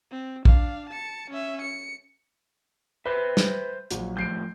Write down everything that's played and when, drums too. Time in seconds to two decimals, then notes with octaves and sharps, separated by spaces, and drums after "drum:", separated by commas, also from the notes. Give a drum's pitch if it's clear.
0.11 C4
0.45 D4 F5, drum: kick
0.89 A5 C#7
1.30 C#4 E5
1.61 C#7
3.05 B4 C5 E5
3.37 drum: snare
3.91 A#1 F#3, drum: hi-hat
4.17 A2 F3 G6 C7 D7